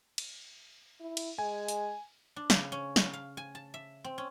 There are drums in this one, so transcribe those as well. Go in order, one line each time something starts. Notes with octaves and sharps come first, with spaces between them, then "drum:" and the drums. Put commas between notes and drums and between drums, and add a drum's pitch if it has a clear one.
drum: cymbal
E4
drum: cymbal
G#3 G#5
drum: hi-hat
D4
C#3, drum: snare
C#4
F5, drum: snare
F5
G#5
A5
E5
C4
C#4